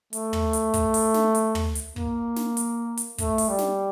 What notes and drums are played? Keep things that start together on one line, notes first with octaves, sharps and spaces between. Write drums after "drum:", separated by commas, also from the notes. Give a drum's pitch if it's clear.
A3, drum: hi-hat
drum: tom
drum: hi-hat
drum: kick, hi-hat
drum: open hi-hat
drum: snare
drum: hi-hat
drum: tom
drum: hi-hat
A#3, drum: kick
drum: snare
drum: hi-hat
drum: hi-hat
A3, drum: kick, hi-hat
drum: open hi-hat
G3
drum: snare